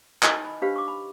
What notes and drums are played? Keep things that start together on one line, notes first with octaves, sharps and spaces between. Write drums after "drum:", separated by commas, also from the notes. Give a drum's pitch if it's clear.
D#4 E4 B4 D#5 G#5, drum: clap
B5
D4 G4 B4 C5 F5 B5
C#6 D6
B5